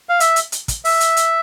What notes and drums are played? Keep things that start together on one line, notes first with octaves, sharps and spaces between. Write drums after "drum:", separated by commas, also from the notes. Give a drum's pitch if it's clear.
F5
E5, drum: hi-hat
drum: hi-hat
drum: hi-hat
drum: kick, hi-hat
E5, drum: open hi-hat
drum: hi-hat
drum: hi-hat